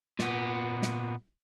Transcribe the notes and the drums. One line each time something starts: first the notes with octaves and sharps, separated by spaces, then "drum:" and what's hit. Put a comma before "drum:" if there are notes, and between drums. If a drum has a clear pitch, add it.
A#2 B3, drum: snare
drum: snare